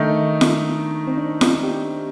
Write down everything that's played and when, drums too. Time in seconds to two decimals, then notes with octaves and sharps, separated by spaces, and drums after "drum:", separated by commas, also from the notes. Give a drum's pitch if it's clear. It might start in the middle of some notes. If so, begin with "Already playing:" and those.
Already playing: D#3 A3 D4 D#4
0.41 drum: snare
1.07 C4
1.17 D4
1.41 C4, drum: snare
1.63 G4